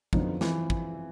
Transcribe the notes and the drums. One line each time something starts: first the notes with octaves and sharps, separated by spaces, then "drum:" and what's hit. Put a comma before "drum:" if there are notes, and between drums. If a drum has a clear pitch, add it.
F2 D3 F3 F#3 B3 D#4, drum: kick
E3, drum: snare
drum: kick